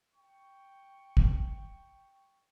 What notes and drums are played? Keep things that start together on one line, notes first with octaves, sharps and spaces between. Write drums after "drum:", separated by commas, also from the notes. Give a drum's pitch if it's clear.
G5 C#6
drum: kick